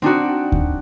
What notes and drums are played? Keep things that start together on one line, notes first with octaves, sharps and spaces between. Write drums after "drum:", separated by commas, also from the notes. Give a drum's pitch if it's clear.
C4 D4 D#4 F#4
drum: kick D2